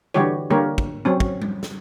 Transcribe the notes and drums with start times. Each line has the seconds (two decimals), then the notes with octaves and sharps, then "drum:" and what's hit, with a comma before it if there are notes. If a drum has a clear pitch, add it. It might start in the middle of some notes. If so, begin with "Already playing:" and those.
0.14 D3 E3 G3 F#4 G4 C#5
0.50 D3 G3 A#3 G4 A#4 C#5
0.78 drum: kick
1.05 F#3 C4 C#4
1.20 drum: kick
1.42 drum: tom G3
1.63 drum: snare